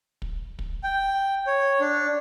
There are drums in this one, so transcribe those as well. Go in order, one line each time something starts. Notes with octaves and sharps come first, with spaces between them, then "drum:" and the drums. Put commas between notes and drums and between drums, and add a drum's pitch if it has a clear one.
drum: kick
drum: kick
G5
C#5
D4